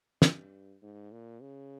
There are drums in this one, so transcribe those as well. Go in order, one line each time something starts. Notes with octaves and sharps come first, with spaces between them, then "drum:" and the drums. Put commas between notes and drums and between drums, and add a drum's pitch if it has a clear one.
G2, drum: snare
G#2
A#2
C#3